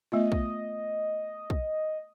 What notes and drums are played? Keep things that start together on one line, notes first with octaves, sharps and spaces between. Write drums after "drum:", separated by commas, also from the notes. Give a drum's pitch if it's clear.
A3 B3 F4 D#5
drum: kick
drum: kick